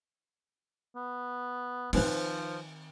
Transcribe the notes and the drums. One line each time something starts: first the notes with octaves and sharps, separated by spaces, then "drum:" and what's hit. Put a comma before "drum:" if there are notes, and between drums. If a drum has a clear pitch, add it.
B3
D#3 F3 C4 D#4 B4 C5, drum: cymbal